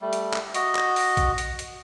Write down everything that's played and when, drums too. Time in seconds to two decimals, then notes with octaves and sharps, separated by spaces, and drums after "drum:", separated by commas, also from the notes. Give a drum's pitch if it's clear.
0.02 G3 A3
0.13 drum: hi-hat
0.34 drum: clap
0.54 F#4 D#5, drum: hi-hat
0.75 drum: clap
0.96 drum: open hi-hat
1.17 drum: kick B1, hi-hat
1.38 drum: hi-hat
1.59 drum: hi-hat